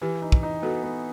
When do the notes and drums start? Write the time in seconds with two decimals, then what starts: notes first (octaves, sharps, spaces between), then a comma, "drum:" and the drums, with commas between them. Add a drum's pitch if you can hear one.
0.02 E3 G4 B4
0.22 D#4
0.32 drum: kick
0.43 D#4
0.62 B3 F#4 A4
0.84 B3